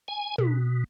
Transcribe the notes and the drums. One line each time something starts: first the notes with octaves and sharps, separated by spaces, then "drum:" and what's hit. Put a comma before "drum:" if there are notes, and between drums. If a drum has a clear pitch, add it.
G#5
B2, drum: tom